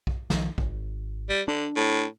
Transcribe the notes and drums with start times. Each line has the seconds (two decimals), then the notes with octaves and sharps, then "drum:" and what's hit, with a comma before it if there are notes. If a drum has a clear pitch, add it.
0.07 drum: kick
0.30 B1 D#3 F3, drum: snare
0.58 G#1, drum: kick
1.30 G3
1.48 D3 D4
1.76 A2